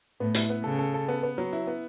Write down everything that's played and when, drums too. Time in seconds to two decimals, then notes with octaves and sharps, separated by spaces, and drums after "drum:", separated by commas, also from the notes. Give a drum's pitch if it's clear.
0.20 A2 B3
0.35 E4, drum: hi-hat
0.50 B3
0.64 C#3 A4
0.79 A4
0.94 A4
1.08 B3
1.23 B3
1.38 F#3
1.53 E4
1.67 B3